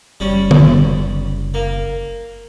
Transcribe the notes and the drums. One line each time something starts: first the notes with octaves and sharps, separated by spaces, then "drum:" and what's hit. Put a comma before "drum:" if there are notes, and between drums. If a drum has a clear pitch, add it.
F#1 G3 C#4
drum: tom D3
A#3